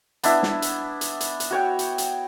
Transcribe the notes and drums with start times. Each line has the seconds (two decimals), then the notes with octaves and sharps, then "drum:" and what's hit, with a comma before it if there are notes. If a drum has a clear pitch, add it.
0.23 B3 D4 E4 E5, drum: hi-hat
0.43 drum: snare
0.62 drum: hi-hat
1.01 drum: hi-hat
1.20 drum: hi-hat
1.40 drum: hi-hat
1.51 F#4 C#5 G5
1.79 drum: hi-hat
1.98 drum: hi-hat